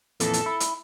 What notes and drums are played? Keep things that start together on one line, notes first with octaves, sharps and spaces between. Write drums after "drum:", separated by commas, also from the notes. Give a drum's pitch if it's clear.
F2 A#2 E3 A4, drum: hi-hat
drum: hi-hat
E4
drum: hi-hat